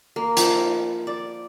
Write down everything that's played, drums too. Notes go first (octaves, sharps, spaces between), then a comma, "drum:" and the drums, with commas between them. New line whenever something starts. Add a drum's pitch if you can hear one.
A#3
F3, drum: hi-hat
D5